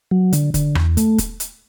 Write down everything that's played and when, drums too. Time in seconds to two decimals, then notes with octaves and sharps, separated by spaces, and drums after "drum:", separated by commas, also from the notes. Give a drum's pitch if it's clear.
0.11 F#3
0.33 D3, drum: hi-hat
0.54 D3, drum: kick, hi-hat
0.75 E2, drum: rim click
0.97 A3, drum: hi-hat
1.18 drum: kick, hi-hat
1.40 drum: hi-hat